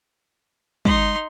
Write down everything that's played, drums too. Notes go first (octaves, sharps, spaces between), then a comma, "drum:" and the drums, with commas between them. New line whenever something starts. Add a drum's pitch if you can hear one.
G#3 D#4 C6, drum: kick